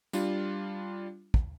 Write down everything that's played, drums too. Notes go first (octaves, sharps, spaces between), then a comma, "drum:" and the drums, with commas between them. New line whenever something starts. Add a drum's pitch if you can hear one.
G3 D4 F4, drum: tambourine
drum: kick